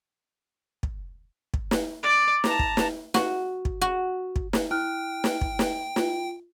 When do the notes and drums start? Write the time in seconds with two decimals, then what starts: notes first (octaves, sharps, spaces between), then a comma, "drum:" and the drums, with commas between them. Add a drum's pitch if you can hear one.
0.83 drum: kick
1.54 drum: kick
1.71 drum: snare
2.03 D5
2.44 A5 A#5, drum: snare
2.59 drum: kick
2.77 drum: snare
3.14 F#4, drum: snare
3.65 drum: kick
3.81 F#4
4.36 drum: kick
4.53 drum: snare
4.71 E4 G5 F6 F#6
5.24 drum: snare
5.41 drum: kick
5.59 drum: snare
5.96 F4, drum: snare